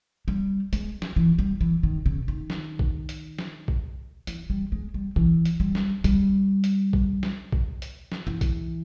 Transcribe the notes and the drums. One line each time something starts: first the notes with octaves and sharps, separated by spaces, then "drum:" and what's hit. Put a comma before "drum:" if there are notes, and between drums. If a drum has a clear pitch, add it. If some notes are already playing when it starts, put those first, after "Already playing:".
G3
G#3, drum: hi-hat
drum: snare
E3
G3
E3
D#3
C#3
D#3
drum: snare
drum: kick A#1
drum: hi-hat
drum: snare
drum: kick A#1
E3, drum: hi-hat
G3
G#3
G3
E3, drum: kick A#1
drum: hi-hat
G3
drum: snare
G3, drum: kick A#1, hi-hat
drum: hi-hat
drum: kick A#1
drum: snare
drum: kick A#1
drum: hi-hat
drum: snare
E3
drum: kick A#1, hi-hat